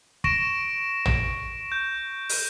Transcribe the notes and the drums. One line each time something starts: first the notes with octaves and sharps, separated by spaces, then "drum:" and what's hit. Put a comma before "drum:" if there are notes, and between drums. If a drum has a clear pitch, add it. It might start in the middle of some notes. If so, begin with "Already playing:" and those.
C#6 A#6 D7 E7, drum: kick
drum: tom
G6
drum: open hi-hat